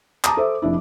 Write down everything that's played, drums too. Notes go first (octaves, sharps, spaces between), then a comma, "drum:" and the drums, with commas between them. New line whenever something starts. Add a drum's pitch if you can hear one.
A5 A#5 D6 D#6, drum: clap
A4 C5 E5
F1 D4 E4